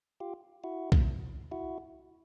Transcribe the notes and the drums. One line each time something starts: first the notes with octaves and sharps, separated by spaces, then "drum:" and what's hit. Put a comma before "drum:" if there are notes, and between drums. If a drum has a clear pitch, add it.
F4 G4
E4 F#4
drum: kick B1
E4 F#4